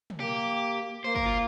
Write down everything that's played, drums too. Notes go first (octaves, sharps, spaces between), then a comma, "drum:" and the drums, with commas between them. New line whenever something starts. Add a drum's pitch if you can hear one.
drum: tom
A#3 G4
A#3 C5
A#4, drum: kick
F4